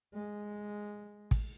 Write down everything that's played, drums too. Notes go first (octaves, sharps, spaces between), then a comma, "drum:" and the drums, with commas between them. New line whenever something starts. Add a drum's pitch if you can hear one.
G#3
drum: kick